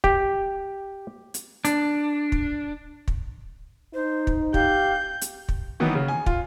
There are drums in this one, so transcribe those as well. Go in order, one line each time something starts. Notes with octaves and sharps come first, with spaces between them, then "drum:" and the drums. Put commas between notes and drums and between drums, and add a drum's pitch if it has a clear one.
G4, drum: kick
drum: hi-hat
D4, drum: hi-hat
drum: kick
drum: kick
D#4 C5
drum: kick
G4 F5 G6, drum: kick
drum: hi-hat
drum: kick
D#3 E3 F#3 B3
C#3
G#5
F4, drum: kick